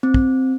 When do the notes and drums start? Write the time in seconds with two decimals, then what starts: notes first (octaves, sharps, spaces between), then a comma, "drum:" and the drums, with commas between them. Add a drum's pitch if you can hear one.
0.03 C4
0.14 drum: kick